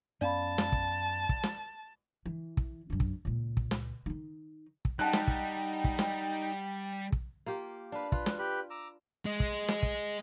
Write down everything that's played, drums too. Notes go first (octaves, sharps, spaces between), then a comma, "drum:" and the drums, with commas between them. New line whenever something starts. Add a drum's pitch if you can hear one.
F#2 B3 C#4 D5 F5 A5 B5
drum: snare
drum: kick
drum: kick
drum: snare
E3
drum: kick
F#2 D4
drum: kick
C#2 A#2
drum: kick
drum: snare
D#3 D#4
drum: kick
G3 D#4 F#5 G5 A5 F#6
drum: snare
drum: kick
drum: kick
drum: snare
drum: kick
A#3 F4 G4
D4 B4 F5
F4 B4, drum: kick
drum: snare
G4 B4
A#5 D6 E6
G#3
drum: kick
drum: snare
drum: kick